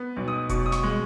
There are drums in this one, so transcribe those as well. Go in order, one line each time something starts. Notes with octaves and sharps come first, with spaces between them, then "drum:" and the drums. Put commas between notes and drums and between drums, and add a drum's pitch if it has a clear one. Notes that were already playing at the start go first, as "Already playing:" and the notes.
Already playing: B3
B1
D#6
B2 C#6, drum: kick E1, hi-hat
D#6
C#6, drum: snare
G#3